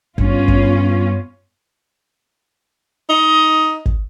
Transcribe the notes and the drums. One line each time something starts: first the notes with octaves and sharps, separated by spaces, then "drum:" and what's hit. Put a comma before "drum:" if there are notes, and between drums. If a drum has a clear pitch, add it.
G2 B3 C#4 F4, drum: kick
drum: kick
D#4
drum: kick